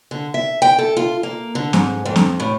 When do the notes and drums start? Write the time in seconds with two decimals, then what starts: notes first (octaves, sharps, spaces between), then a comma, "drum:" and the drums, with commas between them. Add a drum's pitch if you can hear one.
0.11 D3
0.34 E5
0.62 G5
0.79 A4
0.97 F4
1.23 A#3
1.55 D3
1.73 G#2, drum: snare C4
2.06 F2
2.16 drum: snare C4
2.40 A2